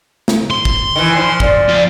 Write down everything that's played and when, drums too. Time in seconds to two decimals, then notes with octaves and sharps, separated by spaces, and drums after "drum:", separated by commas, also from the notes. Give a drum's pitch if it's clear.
0.28 drum: snare
0.51 C6
0.65 drum: kick
0.96 D#3 E3
1.15 A#2 F3
1.40 D5, drum: kick
1.69 F2 F4